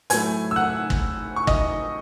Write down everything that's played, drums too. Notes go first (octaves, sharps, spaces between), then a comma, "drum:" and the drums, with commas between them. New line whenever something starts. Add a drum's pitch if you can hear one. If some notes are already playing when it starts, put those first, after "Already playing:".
A2 F#3 A3 G#5 G#6, drum: hi-hat
E6
F#5 F#6
drum: kick
C#6
D#5 D#6, drum: kick